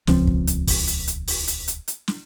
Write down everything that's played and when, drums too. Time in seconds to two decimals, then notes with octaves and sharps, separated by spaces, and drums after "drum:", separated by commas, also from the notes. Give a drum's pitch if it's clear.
0.07 D#1 C#2 F3 C4, drum: snare
0.27 drum: kick
0.47 drum: hi-hat
0.67 drum: kick, open hi-hat
0.87 drum: hi-hat
1.07 drum: hi-hat
1.27 drum: open hi-hat
1.48 drum: hi-hat
1.68 drum: hi-hat
1.88 drum: hi-hat
2.08 drum: snare